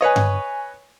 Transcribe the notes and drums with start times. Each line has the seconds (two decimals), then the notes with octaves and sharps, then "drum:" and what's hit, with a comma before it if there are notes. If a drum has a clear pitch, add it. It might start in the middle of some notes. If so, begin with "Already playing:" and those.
0.01 B4 C#5 D#5 G#5 C#6
0.16 drum: tom G2